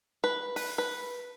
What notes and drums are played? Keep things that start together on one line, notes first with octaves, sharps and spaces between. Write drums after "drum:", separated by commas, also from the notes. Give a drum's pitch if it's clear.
B4
B4, drum: open hi-hat
B4